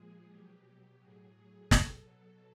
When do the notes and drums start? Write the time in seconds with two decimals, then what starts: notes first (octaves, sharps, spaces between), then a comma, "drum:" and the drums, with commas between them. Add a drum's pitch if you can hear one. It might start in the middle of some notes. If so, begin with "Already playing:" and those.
Already playing: A#2 F3 G#3 G#4
0.28 B2 F#3 G4
0.99 A2 F#3 G#4
1.36 G#4
1.71 B2 F#3 A4, drum: snare